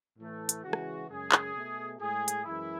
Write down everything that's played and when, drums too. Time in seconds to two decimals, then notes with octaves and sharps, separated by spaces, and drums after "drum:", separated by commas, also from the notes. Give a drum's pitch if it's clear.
0.18 A2 E3 A3
0.49 drum: hi-hat
0.63 C#3 E3 G#3 F#4
0.73 drum: rim click
1.08 F#2 C#3 G#3 G#4
1.32 drum: clap
1.54 B2 A3
2.00 A2 G#3 G#4
2.28 drum: hi-hat
2.45 F#2 E3 G#3 E4